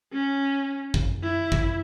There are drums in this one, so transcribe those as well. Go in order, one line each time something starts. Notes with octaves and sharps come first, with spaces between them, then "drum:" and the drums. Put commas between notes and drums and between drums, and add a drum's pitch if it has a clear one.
C#4
drum: kick
E4
drum: kick